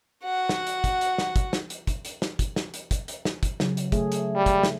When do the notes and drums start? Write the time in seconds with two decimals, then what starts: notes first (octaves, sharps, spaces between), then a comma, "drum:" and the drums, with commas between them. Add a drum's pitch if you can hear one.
0.24 F#4 F#5
0.49 drum: snare
0.67 drum: hi-hat
0.84 drum: kick, hi-hat
1.01 drum: hi-hat
1.18 drum: snare
1.36 drum: kick, hi-hat
1.53 drum: snare
1.70 drum: hi-hat
1.87 drum: kick, hi-hat
2.05 drum: hi-hat
2.22 drum: snare
2.39 drum: kick, hi-hat
2.56 drum: snare
2.74 drum: hi-hat
2.91 drum: kick, hi-hat
3.08 drum: hi-hat
3.25 drum: snare
3.43 drum: kick, hi-hat
3.60 C#3 F#3, drum: snare
3.77 drum: hi-hat
3.92 A3 G#4, drum: kick, hi-hat
4.12 drum: hi-hat
4.36 G3
4.46 drum: kick, hi-hat
4.63 drum: snare